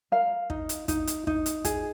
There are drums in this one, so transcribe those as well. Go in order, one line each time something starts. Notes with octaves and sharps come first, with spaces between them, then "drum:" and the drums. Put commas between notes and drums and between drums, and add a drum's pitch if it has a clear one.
A#4 F5
D#4, drum: kick
drum: hi-hat
D#4, drum: kick, hi-hat
drum: hi-hat
D#4, drum: kick
drum: hi-hat
G#4, drum: kick, hi-hat